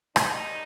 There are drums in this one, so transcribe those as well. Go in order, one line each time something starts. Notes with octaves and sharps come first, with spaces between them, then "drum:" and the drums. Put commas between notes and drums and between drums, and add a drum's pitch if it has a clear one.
D#2 D#3 G3 D#4, drum: rim click